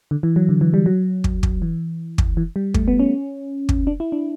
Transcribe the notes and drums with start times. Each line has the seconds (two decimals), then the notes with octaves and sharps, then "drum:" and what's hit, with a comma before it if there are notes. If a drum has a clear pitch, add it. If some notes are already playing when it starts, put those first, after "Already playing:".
0.11 D3
0.23 E3
0.36 F#3
0.49 D3
0.61 E3
0.74 G3
0.86 F#3
1.24 drum: kick
1.43 drum: kick
1.62 E3
2.18 drum: kick
2.37 E3
2.56 G3
2.74 A3, drum: kick
2.88 B3
2.99 C#4
3.69 drum: kick
3.87 D4
4.00 E4
4.12 D4